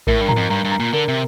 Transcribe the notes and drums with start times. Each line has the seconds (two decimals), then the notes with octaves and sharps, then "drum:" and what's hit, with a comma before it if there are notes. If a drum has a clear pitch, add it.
0.07 A2 A#4, drum: kick A1
0.21 G2
0.29 A#5, drum: tom G#2
0.36 F2
0.50 G2 A#5
0.65 G2
0.72 A#5
0.80 A#2
0.93 D3 A#4
1.08 C3